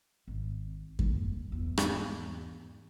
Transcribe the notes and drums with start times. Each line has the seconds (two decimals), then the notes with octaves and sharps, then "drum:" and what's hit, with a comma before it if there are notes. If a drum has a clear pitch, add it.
0.27 G#1
0.99 D#2, drum: kick F#2
1.52 E2 G#2
1.77 drum: rim click